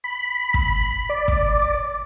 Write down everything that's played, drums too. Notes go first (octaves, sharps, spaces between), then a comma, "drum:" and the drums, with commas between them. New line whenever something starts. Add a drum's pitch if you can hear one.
B5
drum: kick
D5
drum: kick